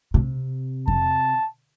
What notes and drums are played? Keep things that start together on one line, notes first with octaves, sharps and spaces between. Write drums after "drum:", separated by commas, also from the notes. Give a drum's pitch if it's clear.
C3
A5, drum: kick F2